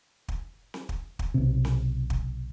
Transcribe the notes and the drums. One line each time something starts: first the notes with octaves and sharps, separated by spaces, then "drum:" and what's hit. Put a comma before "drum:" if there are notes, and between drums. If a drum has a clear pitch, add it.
drum: kick
drum: snare C4
drum: kick
drum: kick
B1 C3
drum: snare C4
drum: kick